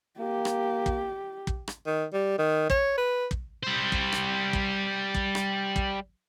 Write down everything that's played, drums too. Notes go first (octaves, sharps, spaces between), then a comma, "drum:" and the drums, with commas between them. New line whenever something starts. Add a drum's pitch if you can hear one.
A#3 G4
drum: rim click
drum: kick
drum: kick
drum: rim click
D#3
G3
D#3
C#5, drum: kick
B4
drum: kick
G3 C5
drum: kick
drum: rim click
drum: kick
drum: kick
drum: rim click
drum: kick